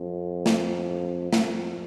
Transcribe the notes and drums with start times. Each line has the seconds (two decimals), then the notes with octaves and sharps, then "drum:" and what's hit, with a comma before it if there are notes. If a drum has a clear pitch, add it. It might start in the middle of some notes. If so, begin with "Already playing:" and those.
Already playing: F2
0.46 drum: snare
1.33 F2, drum: snare